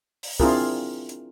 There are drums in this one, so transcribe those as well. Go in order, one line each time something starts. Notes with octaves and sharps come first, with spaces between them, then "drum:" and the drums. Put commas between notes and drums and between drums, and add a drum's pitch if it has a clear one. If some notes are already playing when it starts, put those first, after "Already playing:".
drum: open hi-hat
C4 D4 E4 F4 G#4 A#4, drum: kick
drum: hi-hat